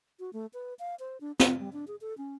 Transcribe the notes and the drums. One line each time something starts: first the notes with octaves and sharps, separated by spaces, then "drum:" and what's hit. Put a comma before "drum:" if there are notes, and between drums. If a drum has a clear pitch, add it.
F#4
A3
B4
F5
C5
D4
F4, drum: snare
G3
D4
G#4
A4
C#4